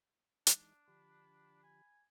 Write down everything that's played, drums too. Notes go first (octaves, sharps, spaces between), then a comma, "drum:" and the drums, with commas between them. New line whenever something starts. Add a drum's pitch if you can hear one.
E3 G#3 D4 D#4, drum: hi-hat
D3 F3 G4 B5
G#5